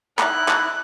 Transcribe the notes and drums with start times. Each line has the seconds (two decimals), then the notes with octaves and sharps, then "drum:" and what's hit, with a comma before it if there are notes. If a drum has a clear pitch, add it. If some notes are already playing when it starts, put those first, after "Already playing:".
0.19 D#4 E4 F#6, drum: clap
0.48 drum: clap